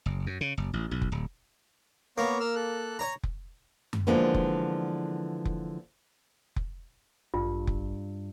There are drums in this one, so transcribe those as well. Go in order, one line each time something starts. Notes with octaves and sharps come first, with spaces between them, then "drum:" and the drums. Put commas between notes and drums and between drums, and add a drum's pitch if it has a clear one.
F#1
F#2
C#3
F#1
A1
B1
drum: kick F1
D1
A#3 B3 C#5 A#5
A#4 E6 F6
A4 F#6
C#5 A#5
drum: kick F1
drum: tom F#2
D3 E3 F3 G#3 A#3 B3
drum: kick F1
drum: kick F1
drum: kick F1
A1 G2 F4
drum: kick F1